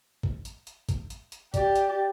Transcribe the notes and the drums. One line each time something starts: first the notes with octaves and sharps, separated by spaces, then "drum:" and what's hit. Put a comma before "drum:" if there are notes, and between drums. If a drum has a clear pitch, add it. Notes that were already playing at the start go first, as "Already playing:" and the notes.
drum: kick G1
drum: hi-hat
drum: hi-hat
drum: kick G1, hi-hat
drum: hi-hat
drum: hi-hat
G4 D5, drum: kick G1, hi-hat
drum: hi-hat